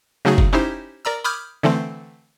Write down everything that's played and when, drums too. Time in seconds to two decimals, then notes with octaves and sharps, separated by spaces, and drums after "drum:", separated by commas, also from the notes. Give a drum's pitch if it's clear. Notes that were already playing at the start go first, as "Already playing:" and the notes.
0.25 C#3 F#3 A3 D#4 F#4 G#4
0.38 drum: kick F#1
0.53 C#4 D#4 E4 G4 C5
1.05 A#4 D5 A#5 E6
1.24 B5 D6 D#6 F6 G6 G#6
1.63 D3 E3 A3 C4